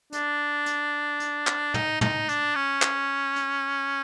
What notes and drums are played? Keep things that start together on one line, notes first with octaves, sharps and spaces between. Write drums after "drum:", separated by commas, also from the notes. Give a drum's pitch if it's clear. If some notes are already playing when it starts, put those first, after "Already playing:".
D4, drum: hi-hat
drum: hi-hat
drum: hi-hat
drum: clap
D#4, drum: tom
D#4, drum: tom
D4, drum: hi-hat
C#4
drum: clap
drum: hi-hat